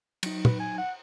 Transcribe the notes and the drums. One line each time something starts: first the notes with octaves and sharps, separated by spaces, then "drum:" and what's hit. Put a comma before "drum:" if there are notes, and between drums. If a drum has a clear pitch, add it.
F#3 D#4, drum: cymbal
B4, drum: tom
G#5
F#5